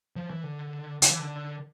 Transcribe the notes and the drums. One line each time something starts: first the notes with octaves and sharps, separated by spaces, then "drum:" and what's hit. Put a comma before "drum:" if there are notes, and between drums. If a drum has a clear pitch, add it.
F3
E3
D3
D3, drum: hi-hat
E3
D3